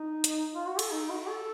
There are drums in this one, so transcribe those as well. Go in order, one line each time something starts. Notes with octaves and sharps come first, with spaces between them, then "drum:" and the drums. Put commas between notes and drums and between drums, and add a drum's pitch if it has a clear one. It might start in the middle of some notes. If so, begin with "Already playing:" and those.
Already playing: D#4
drum: hi-hat
F4
F#4
A4, drum: cymbal
D#4
F#4
A4